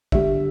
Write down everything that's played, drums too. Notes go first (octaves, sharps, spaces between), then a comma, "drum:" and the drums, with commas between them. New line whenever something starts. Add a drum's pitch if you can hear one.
D3 G3 E5, drum: kick